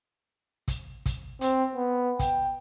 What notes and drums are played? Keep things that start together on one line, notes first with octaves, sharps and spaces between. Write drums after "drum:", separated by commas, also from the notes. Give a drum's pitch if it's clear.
drum: kick, hi-hat
drum: kick, hi-hat
C4, drum: hi-hat
B3
G5, drum: kick, hi-hat